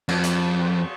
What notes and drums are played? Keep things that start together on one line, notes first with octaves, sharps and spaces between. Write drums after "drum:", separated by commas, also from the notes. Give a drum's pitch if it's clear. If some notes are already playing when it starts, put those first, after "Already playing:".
F2, drum: cymbal
drum: hi-hat